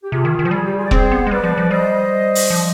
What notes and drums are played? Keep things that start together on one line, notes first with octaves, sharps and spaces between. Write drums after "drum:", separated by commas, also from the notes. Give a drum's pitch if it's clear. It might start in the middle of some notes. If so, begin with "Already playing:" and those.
G4
C3 F4 G#4
D#3
D#3
F3
G3 G#4
G4
F4 G#4
D5
C4 G#4 C5, drum: kick
B3
G#3
G3 B4 D5
F3
F3
G3 C5 D#5
drum: open hi-hat
F3